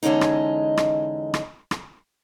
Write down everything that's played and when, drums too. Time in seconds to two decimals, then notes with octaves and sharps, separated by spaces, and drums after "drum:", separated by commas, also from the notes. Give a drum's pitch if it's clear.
0.03 E2 D3 G#3 C#4 D#4
0.21 drum: rim click
0.77 drum: rim click
1.34 drum: rim click
1.71 drum: rim click